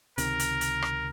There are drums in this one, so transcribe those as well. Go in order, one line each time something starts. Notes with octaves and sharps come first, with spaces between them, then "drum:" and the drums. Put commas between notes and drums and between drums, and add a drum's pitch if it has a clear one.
C#2 C3 D#3 A#4, drum: hi-hat
drum: hi-hat
drum: hi-hat
drum: rim click